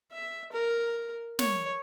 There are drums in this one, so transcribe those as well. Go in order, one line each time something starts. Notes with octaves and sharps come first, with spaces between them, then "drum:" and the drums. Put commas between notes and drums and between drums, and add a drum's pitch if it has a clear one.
E5
A#4
C#5, drum: snare